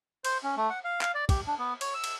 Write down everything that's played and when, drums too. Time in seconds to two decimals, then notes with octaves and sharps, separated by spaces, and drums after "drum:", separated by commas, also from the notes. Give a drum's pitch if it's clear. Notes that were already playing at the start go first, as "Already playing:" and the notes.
0.25 C5, drum: cymbal
0.44 C#4
0.57 A3
0.70 F#5
0.84 F5
1.01 F5, drum: clap
1.15 D5
1.29 G4, drum: kick, cymbal
1.47 D4
1.59 B3
1.81 C#5, drum: cymbal
1.94 E6
2.04 drum: cymbal